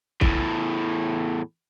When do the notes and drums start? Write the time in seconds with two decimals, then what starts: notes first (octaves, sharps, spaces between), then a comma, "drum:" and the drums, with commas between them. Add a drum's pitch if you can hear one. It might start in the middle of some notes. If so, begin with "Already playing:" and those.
0.21 E2 A2, drum: kick